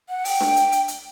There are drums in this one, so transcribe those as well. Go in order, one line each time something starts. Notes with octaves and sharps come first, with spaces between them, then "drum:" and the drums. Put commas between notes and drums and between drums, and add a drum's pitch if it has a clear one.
F#5
G5, drum: open hi-hat
drum: snare D4
drum: hi-hat
drum: hi-hat
drum: hi-hat